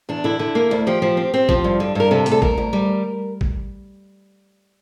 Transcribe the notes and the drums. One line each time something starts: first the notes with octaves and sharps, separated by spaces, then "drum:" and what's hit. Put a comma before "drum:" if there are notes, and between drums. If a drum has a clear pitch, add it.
E2 D4
D3 E4
D3
A#3
D2
F3 G4
F3
C4
C4
F3, drum: kick A1
G2
D3
G2 A#4
C3 A4
D2, drum: hi-hat
A4
D2 A#4, drum: kick A1
D2
G3
drum: kick A1